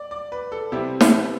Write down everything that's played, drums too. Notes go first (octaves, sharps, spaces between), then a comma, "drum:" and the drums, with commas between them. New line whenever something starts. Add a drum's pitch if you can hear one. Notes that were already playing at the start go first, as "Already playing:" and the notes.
Already playing: D5
D5
B4
A4
C3 G3 C4 E4 G4
drum: snare
B4